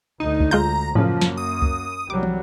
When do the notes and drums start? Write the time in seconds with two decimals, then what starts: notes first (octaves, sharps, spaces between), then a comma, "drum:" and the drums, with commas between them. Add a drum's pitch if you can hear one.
0.20 D2 D#4
0.40 drum: kick C#2
0.51 G#3 F4 A#5 G6
0.95 F#2 A2 C#3 F3 A#3
1.21 drum: snare
1.37 D#6
1.62 drum: kick C#2
2.10 C2 F#3 G3 D6
2.23 drum: tom